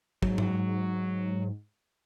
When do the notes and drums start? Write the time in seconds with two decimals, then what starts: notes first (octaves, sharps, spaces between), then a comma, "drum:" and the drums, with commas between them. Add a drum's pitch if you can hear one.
0.22 G#2 F#3, drum: kick
0.38 drum: tom G2